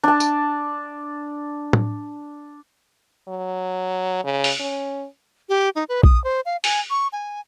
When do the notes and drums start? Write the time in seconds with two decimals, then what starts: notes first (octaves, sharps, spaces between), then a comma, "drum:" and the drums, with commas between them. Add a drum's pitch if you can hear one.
0.04 D4 A5
0.20 drum: tambourine
1.73 drum: tom A2
3.28 F#3
4.24 C#3
4.44 drum: open hi-hat
4.60 C#4
5.49 G4
5.76 D#4
5.89 B4
6.03 D#6, drum: kick B1
6.24 C5
6.46 F5
6.64 G#5, drum: open hi-hat
6.90 C#6
7.13 G#5